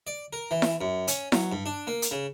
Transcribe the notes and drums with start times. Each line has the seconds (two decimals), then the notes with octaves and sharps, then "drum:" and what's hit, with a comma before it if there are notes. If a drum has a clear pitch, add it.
0.07 D5
0.33 A#4
0.51 E3
0.62 drum: snare E4
0.81 F#2
1.08 C#4, drum: hi-hat
1.32 F#3, drum: snare E4
1.52 G2
1.66 D4
1.87 A#3
2.02 drum: hi-hat
2.11 C#3